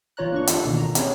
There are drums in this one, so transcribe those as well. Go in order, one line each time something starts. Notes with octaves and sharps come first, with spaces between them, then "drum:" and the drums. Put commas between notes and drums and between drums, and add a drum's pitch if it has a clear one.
G1 E3 F4 C#5 A#5 F#6
A#3 D4 C#6
D4 F4 A4, drum: hi-hat
C#2 B2 D#3 E3 A#3
A#5
C4 C#4 G#4 B4 C#5, drum: hi-hat